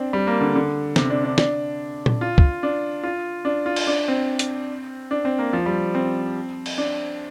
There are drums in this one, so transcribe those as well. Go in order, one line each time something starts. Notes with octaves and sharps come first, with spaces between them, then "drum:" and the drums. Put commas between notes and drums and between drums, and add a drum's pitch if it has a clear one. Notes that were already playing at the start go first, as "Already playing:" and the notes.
Already playing: C4 D4
G3
A#3
D3
D3
C3, drum: snare
D4
D4
D4, drum: snare
drum: tom A#2
F4
drum: kick
D4
F4
D4
F4
drum: cymbal
D4
C4
drum: hi-hat
D4
C4
A#3
F3
G3
C4
drum: cymbal
D4